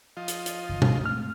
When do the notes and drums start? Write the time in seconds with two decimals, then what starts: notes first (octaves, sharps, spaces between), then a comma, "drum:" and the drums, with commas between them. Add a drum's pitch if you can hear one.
0.17 F3 F4 D#5
0.28 drum: hi-hat
0.46 drum: hi-hat
0.69 F#1 D#3
0.82 D1 D2 G#2, drum: tom
1.06 A3 C4 F6